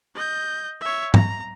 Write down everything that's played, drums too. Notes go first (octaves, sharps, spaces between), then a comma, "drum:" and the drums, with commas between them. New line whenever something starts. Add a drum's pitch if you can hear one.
D#5 G6
C#5 E5
A#5, drum: tom G#2